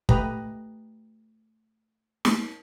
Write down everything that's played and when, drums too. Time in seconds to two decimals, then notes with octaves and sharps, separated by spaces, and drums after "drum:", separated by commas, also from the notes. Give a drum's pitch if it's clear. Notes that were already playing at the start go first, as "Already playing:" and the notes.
0.09 A3 G4 B4 D#5 A#5, drum: kick
2.25 drum: snare